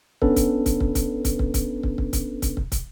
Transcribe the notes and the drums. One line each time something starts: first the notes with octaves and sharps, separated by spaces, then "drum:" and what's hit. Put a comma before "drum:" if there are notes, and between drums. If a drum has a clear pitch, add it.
B3 C#4 D4 A4 B4, drum: kick
drum: kick, hi-hat
drum: kick, hi-hat
drum: kick
drum: kick, hi-hat
drum: kick, hi-hat
drum: kick
drum: kick, hi-hat
drum: kick
drum: kick
drum: kick, hi-hat
drum: kick, hi-hat
drum: kick
drum: kick, hi-hat